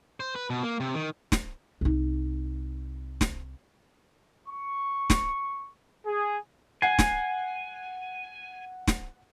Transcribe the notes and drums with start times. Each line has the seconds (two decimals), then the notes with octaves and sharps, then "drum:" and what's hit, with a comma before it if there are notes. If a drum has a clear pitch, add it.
0.20 C5
0.35 B4
0.50 B2
0.63 A#3
0.80 C3
0.94 D#3
1.32 drum: snare
1.81 C2 D#4
3.21 drum: snare
4.47 C#6
5.10 drum: snare
6.04 G#4
6.82 F#5 G#5 C7
6.99 drum: snare
8.88 drum: snare